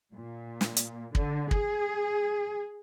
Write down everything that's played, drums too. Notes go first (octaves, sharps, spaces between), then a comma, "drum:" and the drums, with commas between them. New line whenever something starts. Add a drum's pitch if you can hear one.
A#2
drum: snare
drum: hi-hat
D3, drum: kick
G#4, drum: kick